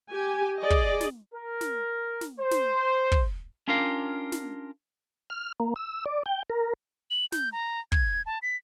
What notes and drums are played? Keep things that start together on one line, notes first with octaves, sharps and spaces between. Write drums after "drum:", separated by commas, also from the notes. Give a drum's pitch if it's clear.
G4 G#5
G#4 D5 D#5
drum: kick
drum: snare
A#4
drum: snare
drum: snare
C5
drum: snare
drum: kick
C#4 D4 F4 G4 A#4 F5
drum: snare
F6
A#3
E6
D5
G5
A#4
F#7
G6, drum: snare
A#5
G#6, drum: kick
A5
B6